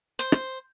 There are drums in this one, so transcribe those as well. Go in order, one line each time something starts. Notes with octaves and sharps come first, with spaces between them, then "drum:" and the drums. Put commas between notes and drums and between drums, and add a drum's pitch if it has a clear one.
C5
drum: rim click